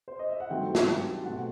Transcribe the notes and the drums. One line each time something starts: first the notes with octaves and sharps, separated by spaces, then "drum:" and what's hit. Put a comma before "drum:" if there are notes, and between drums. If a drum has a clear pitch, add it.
C5
D#5
E5
F#5
G2 D#3 F#3 A3 C4 G5
drum: snare
A5
B2 A3 C4 F#5